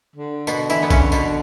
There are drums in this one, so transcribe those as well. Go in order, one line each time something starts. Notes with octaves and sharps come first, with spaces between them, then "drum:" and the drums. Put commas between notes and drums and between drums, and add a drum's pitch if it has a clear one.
D3
B2 B3, drum: tambourine
E3 E4, drum: tambourine
B3
C#3 C#4, drum: kick A#1, tambourine
B2 B3, drum: tambourine